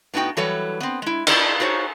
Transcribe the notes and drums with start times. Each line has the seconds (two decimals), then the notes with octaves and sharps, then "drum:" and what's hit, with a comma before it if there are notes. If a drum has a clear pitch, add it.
0.14 A2 B3 D#4 F#4 G5
0.37 E3 F#3 G3 A4 B4 C#5
0.80 B3 C4
1.02 G#3 E4
1.27 E4 D5 D#5, drum: cymbal
1.60 D#4 F#4 C5 C#5